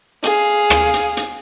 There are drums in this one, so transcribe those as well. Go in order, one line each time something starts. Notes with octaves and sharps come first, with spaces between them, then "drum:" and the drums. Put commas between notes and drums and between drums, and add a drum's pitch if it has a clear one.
G#4 F5, drum: hi-hat
drum: rim click
drum: hi-hat
drum: hi-hat